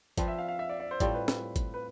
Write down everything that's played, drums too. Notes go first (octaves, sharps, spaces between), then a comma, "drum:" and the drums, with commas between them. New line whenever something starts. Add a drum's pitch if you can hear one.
F3 C4 F4 B4 D5, drum: kick G#1, hi-hat
E5
F5
F5
E5
D5
D5
C5
A2 G3 C4 F4 D5, drum: kick G#1, hi-hat
B4
B4, drum: snare
drum: kick G#1, hi-hat
B4